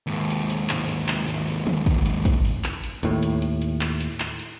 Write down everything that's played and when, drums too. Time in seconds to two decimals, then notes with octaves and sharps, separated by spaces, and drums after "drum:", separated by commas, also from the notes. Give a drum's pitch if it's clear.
0.07 D#2 G#2
0.30 drum: hi-hat
0.50 drum: hi-hat
0.69 drum: clap
0.89 drum: hi-hat
1.08 drum: clap
1.28 drum: hi-hat
1.47 drum: open hi-hat
1.67 drum: tom
1.86 drum: kick, hi-hat
2.06 drum: hi-hat
2.25 drum: kick, hi-hat
2.45 drum: open hi-hat
2.64 drum: clap
2.84 drum: hi-hat
3.03 D#2 A2, drum: hi-hat
3.23 drum: hi-hat
3.42 drum: hi-hat
3.62 drum: hi-hat
3.81 drum: clap
4.01 drum: hi-hat
4.20 drum: clap
4.39 drum: hi-hat